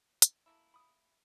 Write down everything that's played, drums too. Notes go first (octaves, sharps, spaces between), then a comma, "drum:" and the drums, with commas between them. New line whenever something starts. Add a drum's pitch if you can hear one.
drum: hi-hat
A3 A#3 E4
B5 D#6